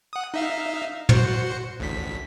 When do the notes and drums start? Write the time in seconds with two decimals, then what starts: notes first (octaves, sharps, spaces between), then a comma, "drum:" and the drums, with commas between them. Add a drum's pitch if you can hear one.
0.13 F#5 D#6
0.34 D#4 E5 F5
1.09 F#4 C5 C#7, drum: tom
1.80 A1 D2 B6